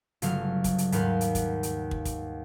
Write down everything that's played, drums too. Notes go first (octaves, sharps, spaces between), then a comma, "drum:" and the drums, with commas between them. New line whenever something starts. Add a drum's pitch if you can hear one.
G1 C#3 F#3 A3 F5, drum: hi-hat
drum: kick, hi-hat
drum: hi-hat
D#2 G#2 B4 F5 F#5, drum: hi-hat
drum: hi-hat
drum: kick, hi-hat
drum: hi-hat
drum: kick
drum: kick, hi-hat